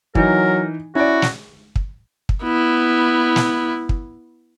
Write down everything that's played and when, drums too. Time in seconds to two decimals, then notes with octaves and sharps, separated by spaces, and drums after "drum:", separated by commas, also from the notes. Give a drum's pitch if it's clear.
0.15 E3 F#3 D#4 A#4, drum: kick
0.95 C#4 E4 F#4 D5
1.22 drum: snare
1.76 drum: kick
2.29 drum: kick
2.44 B3 E4
3.36 drum: snare
3.89 drum: kick